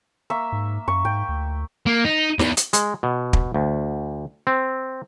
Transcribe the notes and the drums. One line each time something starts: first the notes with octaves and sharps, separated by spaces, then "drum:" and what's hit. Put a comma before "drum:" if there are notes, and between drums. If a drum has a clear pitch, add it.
A#3 E5 C#6
G#2
F#2 C#6
G#2 G5
D2
A#3
D#4
E2, drum: snare
drum: hi-hat
G#3, drum: hi-hat
B2
drum: kick
D2
C4